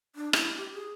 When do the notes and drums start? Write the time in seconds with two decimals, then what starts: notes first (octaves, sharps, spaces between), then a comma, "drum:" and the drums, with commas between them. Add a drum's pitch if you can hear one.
0.16 D4
0.33 E4, drum: rim click
0.57 G4
0.74 G#4